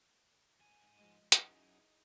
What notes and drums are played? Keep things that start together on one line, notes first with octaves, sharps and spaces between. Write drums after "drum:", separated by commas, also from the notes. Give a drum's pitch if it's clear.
G#2 G#5
F3 G#3 D#5
F#2 D#4 E4 G#4, drum: hi-hat